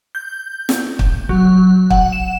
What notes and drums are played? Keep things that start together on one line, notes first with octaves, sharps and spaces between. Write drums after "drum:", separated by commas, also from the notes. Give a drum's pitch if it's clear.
G6
drum: snare
drum: kick
F#3
F#5, drum: kick
E7